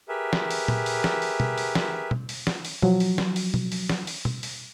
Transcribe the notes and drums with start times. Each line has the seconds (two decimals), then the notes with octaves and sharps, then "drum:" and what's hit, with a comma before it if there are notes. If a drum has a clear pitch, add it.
0.09 G4 G#4 A#4 B4 E5
0.33 drum: snare
0.51 drum: open hi-hat
0.68 drum: tom A#2
0.86 drum: open hi-hat
1.04 drum: snare
1.22 drum: open hi-hat
1.40 drum: tom
1.58 drum: open hi-hat
1.75 drum: snare
2.11 drum: tom
2.29 drum: open hi-hat
2.47 drum: snare
2.65 drum: open hi-hat
2.82 F3 F#3, drum: tom
3.00 drum: open hi-hat
3.18 drum: snare
3.36 drum: open hi-hat
3.54 drum: tom
3.72 drum: open hi-hat
3.89 drum: snare
4.07 drum: open hi-hat
4.25 drum: tom
4.43 drum: open hi-hat